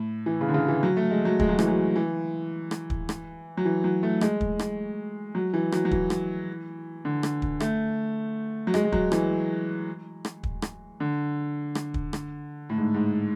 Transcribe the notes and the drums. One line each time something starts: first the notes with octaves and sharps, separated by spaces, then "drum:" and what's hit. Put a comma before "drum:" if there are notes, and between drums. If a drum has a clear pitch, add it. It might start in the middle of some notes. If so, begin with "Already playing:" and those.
Already playing: A2
E3
C#3
D3
C#3
E3
F#3
A3
G#3
F#3
G#3, drum: kick
F#3
E3, drum: rim click
F#3
E3
drum: rim click
drum: kick
drum: rim click
F#3
E3
F#3
A3
G#3, drum: rim click
drum: kick
drum: rim click
F#3
E3
F#3, drum: rim click
F#3
E3, drum: kick
drum: rim click
D3
drum: rim click
drum: kick
A3, drum: rim click
F#3
G#3, drum: rim click
G#3
F#3, drum: kick
E3, drum: rim click
drum: rim click
drum: kick
drum: rim click
D3
drum: rim click
drum: kick
drum: rim click
A2
G#2
G#2